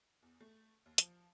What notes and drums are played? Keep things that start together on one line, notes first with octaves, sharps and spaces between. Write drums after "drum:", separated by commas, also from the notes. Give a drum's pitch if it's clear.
E2
A3
D#2
F3, drum: hi-hat